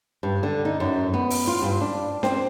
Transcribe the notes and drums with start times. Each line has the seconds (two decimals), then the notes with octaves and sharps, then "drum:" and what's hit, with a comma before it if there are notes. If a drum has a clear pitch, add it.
0.23 G2
0.43 D3
0.65 D#4
0.80 F#2
1.14 B3
1.30 drum: open hi-hat
1.47 F4
1.62 G2
1.81 D4
2.23 C4, drum: snare C#4